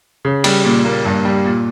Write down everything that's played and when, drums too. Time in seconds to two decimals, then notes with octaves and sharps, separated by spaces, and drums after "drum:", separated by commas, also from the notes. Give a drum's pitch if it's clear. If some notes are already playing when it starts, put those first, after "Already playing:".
0.25 C#3
0.44 G3, drum: cymbal
0.65 A#2
0.85 A#3
1.05 G2
1.25 G3
1.45 A#2